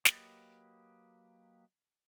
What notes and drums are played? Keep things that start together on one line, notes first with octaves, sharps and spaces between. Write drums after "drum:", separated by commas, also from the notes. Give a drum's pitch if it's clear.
F#3 A#3 G4 B4 D#5, drum: snare